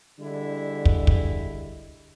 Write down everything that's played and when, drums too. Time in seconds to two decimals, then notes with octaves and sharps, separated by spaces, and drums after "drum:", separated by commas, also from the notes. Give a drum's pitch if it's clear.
0.20 D3 G3 G#3 E4
0.85 drum: kick
1.07 drum: kick